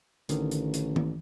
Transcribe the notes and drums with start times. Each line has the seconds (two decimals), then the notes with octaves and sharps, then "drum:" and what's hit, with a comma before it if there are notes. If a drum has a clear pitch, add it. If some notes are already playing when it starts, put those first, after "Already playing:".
0.29 A1 D3 D#3, drum: hi-hat
0.51 drum: hi-hat
0.74 drum: hi-hat
0.96 drum: tom D#3